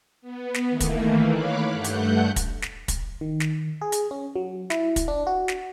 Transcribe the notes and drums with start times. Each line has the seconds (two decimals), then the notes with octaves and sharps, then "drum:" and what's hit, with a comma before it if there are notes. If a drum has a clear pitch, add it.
0.21 B3
0.54 drum: snare
0.69 D#3 E3 A3 A#3
0.80 drum: kick, hi-hat
1.29 C#5 F5 B5 D6 F#6
1.71 G2 A3 F#5 F#6 G6
1.84 drum: hi-hat
2.36 drum: kick, hi-hat
2.62 drum: snare
2.88 drum: kick, hi-hat
3.21 D#3
3.40 drum: snare
3.81 G#4
3.92 drum: hi-hat
4.11 C#4
4.35 F#3
4.70 E4, drum: snare
4.96 drum: kick, hi-hat
5.08 D4
5.27 F#4
5.48 drum: snare